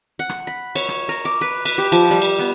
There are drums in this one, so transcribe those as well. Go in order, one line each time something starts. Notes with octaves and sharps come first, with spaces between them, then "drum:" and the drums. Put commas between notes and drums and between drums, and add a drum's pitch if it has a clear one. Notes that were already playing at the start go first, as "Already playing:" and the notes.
F#5
drum: rim click
B5
C#5, drum: cymbal
drum: rim click
A#4
D6
B4
B4, drum: cymbal
G4
F3, drum: cymbal
G3
drum: cymbal
B3